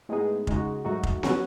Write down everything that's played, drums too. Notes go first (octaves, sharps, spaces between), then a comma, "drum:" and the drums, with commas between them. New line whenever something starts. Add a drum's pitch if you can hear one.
A2 G#3 B3 D#4 G#4
C#3 G#3 D#4 F#4, drum: kick F1
G#2 F#3 A3 D#4 F#4
drum: kick F1
F#3 C#4 F#4 B4, drum: snare B3